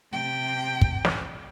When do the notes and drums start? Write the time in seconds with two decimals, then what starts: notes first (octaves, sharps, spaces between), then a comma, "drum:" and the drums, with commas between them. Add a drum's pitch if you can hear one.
0.12 C3 G5
0.81 drum: kick
1.05 drum: snare